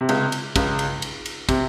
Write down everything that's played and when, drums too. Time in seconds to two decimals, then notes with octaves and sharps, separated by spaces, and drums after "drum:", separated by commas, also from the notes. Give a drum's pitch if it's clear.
0.01 C3
0.09 C#2 C#3, drum: cymbal
0.32 drum: cymbal
0.56 C#2 C#3, drum: kick, cymbal
0.79 drum: cymbal
1.02 drum: cymbal
1.26 drum: cymbal
1.49 C3, drum: kick, cymbal